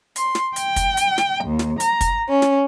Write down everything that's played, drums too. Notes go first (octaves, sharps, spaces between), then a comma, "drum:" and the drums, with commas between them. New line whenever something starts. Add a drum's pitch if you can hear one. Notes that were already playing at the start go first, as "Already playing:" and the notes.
C6, drum: hi-hat
drum: snare
G5, drum: hi-hat
drum: kick, hi-hat
drum: hi-hat
drum: snare
D#2
drum: snare
A#5, drum: hi-hat
drum: kick, hi-hat
C#4
drum: snare